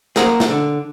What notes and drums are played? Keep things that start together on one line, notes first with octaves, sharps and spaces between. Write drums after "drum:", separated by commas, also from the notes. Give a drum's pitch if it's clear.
A#3 G#4 A#4 C5 F#5 A#5, drum: snare
drum: snare
D3